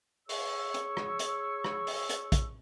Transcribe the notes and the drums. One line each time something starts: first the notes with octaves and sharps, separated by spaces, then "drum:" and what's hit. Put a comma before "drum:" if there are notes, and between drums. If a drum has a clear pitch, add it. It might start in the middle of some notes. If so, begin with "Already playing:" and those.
G#4 C#5 C#6 E6, drum: open hi-hat
drum: hi-hat
drum: rim click
drum: hi-hat
drum: rim click
drum: open hi-hat
drum: hi-hat
drum: kick, hi-hat